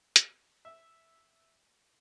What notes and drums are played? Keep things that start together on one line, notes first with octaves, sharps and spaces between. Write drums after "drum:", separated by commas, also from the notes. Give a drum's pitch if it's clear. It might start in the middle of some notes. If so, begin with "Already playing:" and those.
drum: hi-hat
E5